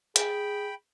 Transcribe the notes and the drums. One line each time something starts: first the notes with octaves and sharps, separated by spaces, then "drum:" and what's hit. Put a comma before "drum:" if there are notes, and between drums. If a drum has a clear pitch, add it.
G#4 G5 B5, drum: hi-hat